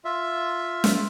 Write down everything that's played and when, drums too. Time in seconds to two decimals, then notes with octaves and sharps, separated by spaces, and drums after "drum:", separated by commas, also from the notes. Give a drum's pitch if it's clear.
0.05 F4 E5
0.84 drum: snare